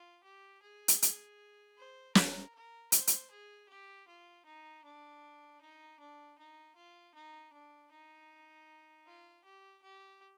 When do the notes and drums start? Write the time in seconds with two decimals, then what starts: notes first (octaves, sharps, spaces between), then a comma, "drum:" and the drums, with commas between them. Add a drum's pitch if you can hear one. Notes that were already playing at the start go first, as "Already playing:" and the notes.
Already playing: F4
0.24 G4
0.62 G#4
0.88 drum: hi-hat
1.02 drum: hi-hat
1.78 C5
2.15 A#4, drum: snare
2.54 A#4
2.92 C5, drum: hi-hat
3.07 drum: hi-hat
3.31 G#4
3.69 G4
4.08 F4
4.45 D#4
4.84 D4
5.61 D#4
5.99 D4
6.38 D#4
6.76 F4
7.14 D#4
7.53 D4
7.91 D#4
9.06 F4
9.44 G4
9.83 G4